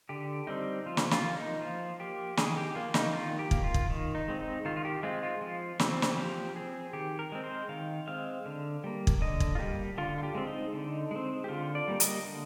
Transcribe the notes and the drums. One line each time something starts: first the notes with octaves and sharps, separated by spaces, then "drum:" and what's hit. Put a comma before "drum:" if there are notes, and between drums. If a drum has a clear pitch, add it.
D3 G4
G3 C4 D#4
F3 F4
drum: snare
F4, drum: snare
A#3
D#4
F3 F4
A#3 G4
D#3 G#4, drum: snare
G4
A#3 F4
D#4, drum: snare
D#3 F4
G4
A#3, drum: kick
F4
drum: kick
D#3
D#4
G#3 C4
D#4
D#3 F4
F4
G4
G#3 C4 F4
F4
F3
C4, drum: snare
drum: snare
F3 G4
C4 G#4
D#3 G4
A#4
G#3 C4
C5
D#3 F5
G#3 C4 F5
D3
G3 A#3
drum: kick
D3 D#5
drum: kick
F4
G3 A#3 G4
D3 F4
F4
G4
G#3 C4
D#4
D3
G#3 C4
G4
D3 F4
D5
G3 A#3
D#5, drum: hi-hat
D3